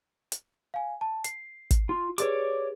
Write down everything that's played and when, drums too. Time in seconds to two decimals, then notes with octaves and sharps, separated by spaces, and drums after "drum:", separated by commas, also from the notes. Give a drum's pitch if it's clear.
0.32 drum: hi-hat
0.74 F5 G#5
1.01 A5
1.24 C7, drum: hi-hat
1.71 drum: kick, hi-hat
1.89 F4
2.18 G4 G#4 B4 C#5 D5 D6, drum: hi-hat